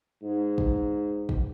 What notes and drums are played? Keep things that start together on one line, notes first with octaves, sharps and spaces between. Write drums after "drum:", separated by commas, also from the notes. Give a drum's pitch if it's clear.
G#2
drum: kick
drum: kick